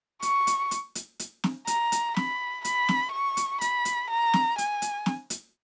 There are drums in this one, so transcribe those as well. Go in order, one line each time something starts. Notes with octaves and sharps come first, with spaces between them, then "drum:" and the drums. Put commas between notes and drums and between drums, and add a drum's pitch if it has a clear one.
C#6, drum: hi-hat
drum: hi-hat
drum: hi-hat
drum: hi-hat
drum: hi-hat
drum: snare
A#5, drum: hi-hat
drum: hi-hat
B5, drum: snare
B5, drum: hi-hat
drum: snare
C#6
drum: hi-hat
B5, drum: hi-hat
drum: hi-hat
A#5
drum: snare
G#5, drum: hi-hat
drum: hi-hat
drum: snare
drum: hi-hat